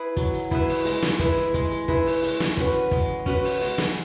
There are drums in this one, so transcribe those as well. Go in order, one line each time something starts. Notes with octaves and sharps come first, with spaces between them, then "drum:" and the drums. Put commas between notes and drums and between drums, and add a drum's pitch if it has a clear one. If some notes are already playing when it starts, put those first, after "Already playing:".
Already playing: E4 G#4 B4
F#3, drum: kick, hi-hat
drum: hi-hat
E4 G#4 B4, drum: kick, hi-hat
drum: open hi-hat
G#3, drum: open hi-hat
drum: snare
E4 G#4 B4, drum: kick, hi-hat
drum: hi-hat
G#3, drum: kick, hi-hat
drum: hi-hat
E4 G#4 B4, drum: kick, hi-hat
drum: open hi-hat
G#3, drum: open hi-hat
drum: snare
C#4 F#4 B4, drum: kick, hi-hat
G#3, drum: kick, hi-hat
C#4 F#4 B4, drum: kick, hi-hat
drum: open hi-hat
G#3, drum: open hi-hat
drum: snare